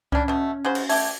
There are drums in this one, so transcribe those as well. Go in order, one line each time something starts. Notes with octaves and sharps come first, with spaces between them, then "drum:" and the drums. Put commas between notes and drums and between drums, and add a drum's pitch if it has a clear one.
G3 C#4 D4, drum: kick C#2
B2 A3
C#3 F#4 C5
drum: cymbal
A3 G4 G#6, drum: open hi-hat